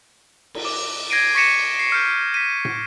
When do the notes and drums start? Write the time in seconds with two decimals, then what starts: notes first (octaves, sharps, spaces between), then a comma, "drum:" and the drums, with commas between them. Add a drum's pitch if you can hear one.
0.54 drum: cymbal
0.65 D6
1.10 G#6 A#6 C7 D7 D#7
1.35 C#6 A#6 B6 C#7 D#7 E7
1.79 C7
1.92 F6 G6 C#7
2.34 B6 D#7
2.65 drum: tom